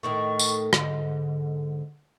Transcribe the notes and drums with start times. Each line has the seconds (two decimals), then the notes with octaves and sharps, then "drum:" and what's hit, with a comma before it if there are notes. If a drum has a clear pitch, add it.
0.03 A2 D#3 A3 C#6
0.39 drum: tambourine
0.73 G#2 D3, drum: rim click